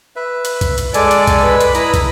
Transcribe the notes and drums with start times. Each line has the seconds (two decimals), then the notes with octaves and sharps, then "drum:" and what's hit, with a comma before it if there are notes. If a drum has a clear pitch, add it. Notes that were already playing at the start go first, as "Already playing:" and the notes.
0.16 B4 E5
0.45 drum: hi-hat
0.61 drum: kick, hi-hat
0.78 drum: hi-hat
0.94 G#3 A4 D5 G#5, drum: hi-hat
1.11 drum: hi-hat
1.27 drum: kick, hi-hat
1.39 B4 B5
1.61 drum: hi-hat
1.75 E4 A#5 D#6, drum: hi-hat
1.94 drum: kick, hi-hat